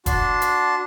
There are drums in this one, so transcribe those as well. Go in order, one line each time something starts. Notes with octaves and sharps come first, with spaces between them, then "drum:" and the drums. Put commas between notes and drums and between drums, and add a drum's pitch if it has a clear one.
D4 F#4 A5 C6, drum: kick, hi-hat
drum: hi-hat